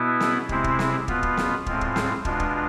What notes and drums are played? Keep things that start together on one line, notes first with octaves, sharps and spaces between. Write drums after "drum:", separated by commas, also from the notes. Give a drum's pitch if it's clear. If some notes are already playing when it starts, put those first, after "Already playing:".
Already playing: B2 B3 E4
drum: snare
C3 G#3 C4 E4, drum: kick
drum: kick
drum: snare
B2 B3 F4, drum: kick
drum: kick
drum: snare
A2 G#3 C4 F4, drum: kick
drum: kick
drum: snare
B2 G#3 D4 F4, drum: kick
drum: kick